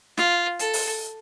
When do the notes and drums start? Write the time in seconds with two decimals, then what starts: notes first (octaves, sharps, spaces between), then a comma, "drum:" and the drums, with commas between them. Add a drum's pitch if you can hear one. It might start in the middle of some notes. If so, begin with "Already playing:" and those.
0.18 F4, drum: snare
0.59 A4, drum: hi-hat
0.73 drum: open hi-hat